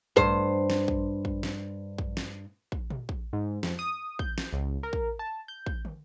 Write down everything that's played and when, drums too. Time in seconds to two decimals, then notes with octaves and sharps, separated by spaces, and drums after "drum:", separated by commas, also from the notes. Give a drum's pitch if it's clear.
0.16 G2 C5, drum: kick
0.70 drum: snare
0.88 drum: kick
1.25 drum: kick
1.43 drum: snare
1.98 drum: kick
2.17 drum: snare
2.72 drum: kick
2.90 drum: tom A#2
3.09 drum: kick
3.33 G#2
3.63 F2, drum: snare
3.79 D#6
4.19 G6, drum: kick
4.38 drum: snare
4.53 C#2
4.83 A#4
4.93 drum: kick
5.19 A5
5.48 G6
5.66 drum: kick
5.85 drum: tom